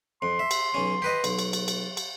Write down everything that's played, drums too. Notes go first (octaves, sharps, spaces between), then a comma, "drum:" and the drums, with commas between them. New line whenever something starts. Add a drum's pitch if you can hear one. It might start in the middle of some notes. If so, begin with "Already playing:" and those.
F2 C6
E5
drum: cymbal
B1 C#4
G4 B4 D#5
B1, drum: cymbal
drum: cymbal
drum: cymbal
drum: cymbal
drum: cymbal